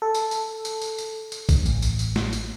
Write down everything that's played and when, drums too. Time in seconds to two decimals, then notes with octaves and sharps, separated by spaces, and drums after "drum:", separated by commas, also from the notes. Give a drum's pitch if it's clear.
0.02 A4
0.14 drum: tambourine
0.31 drum: tambourine
0.65 drum: tambourine
0.82 drum: tambourine
0.98 drum: tambourine
1.32 drum: tambourine
1.49 drum: kick A#1, tambourine
1.66 A1, drum: tambourine
1.82 drum: tambourine
1.99 drum: tambourine
2.16 drum: snare
2.33 drum: tambourine